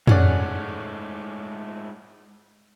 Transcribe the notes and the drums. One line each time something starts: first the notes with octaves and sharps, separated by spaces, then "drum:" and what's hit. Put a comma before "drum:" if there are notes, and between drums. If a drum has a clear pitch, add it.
G#2 A3 C#4 G#4 D5 F#5, drum: tom